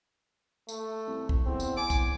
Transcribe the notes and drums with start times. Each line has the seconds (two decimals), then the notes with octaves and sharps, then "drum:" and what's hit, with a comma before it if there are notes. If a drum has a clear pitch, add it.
0.69 A3, drum: tambourine
1.07 C2
1.29 drum: kick
1.46 E2 C4
1.60 drum: tambourine
1.77 G#5 D6
1.90 drum: kick, tambourine